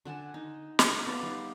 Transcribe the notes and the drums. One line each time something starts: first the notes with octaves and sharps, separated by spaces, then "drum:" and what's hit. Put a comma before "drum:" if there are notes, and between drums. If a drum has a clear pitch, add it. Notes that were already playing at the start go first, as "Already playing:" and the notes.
D3 F#5 G#5 A5
D#4
drum: snare
B3 D5 E5 F5
G3 D#4